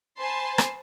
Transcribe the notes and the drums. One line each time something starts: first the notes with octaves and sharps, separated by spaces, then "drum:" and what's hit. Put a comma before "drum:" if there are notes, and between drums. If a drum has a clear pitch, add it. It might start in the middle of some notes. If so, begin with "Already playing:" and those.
C5 G#5 A5 B5 C6
drum: rim click